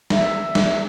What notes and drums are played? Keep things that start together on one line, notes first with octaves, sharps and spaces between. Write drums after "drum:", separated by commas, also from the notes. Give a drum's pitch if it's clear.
E5, drum: snare
drum: snare